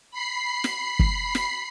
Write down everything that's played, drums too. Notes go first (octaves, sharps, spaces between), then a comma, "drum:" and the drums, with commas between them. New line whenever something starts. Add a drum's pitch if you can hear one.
B5 C7
drum: snare
drum: kick
drum: snare